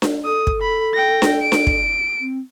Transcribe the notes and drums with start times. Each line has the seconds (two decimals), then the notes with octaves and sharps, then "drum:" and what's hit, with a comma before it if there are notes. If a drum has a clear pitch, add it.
0.02 drum: snare D4
0.25 A4 D#6
0.47 drum: kick
0.62 B5
0.94 G5 A#6
1.22 drum: snare D4
1.42 D7
1.52 drum: snare D4
1.67 drum: kick
2.20 C4